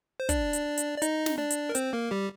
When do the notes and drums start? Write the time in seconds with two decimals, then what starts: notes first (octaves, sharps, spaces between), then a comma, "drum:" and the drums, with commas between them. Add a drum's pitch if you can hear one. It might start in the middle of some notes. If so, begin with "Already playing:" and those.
0.20 C5
0.29 D4 D5, drum: kick, hi-hat
0.53 drum: hi-hat
0.77 drum: hi-hat
0.98 D5
1.02 D#4 D#5, drum: hi-hat
1.26 drum: snare
1.38 D4 D5
1.50 drum: hi-hat
1.69 A#4
1.75 C4 C5, drum: hi-hat
1.93 A#3 A#4
2.11 G3 G4